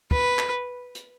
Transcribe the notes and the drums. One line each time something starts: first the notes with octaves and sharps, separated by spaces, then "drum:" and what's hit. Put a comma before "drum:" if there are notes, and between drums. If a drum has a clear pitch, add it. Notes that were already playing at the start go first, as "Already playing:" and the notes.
B4, drum: kick
drum: clap
drum: hi-hat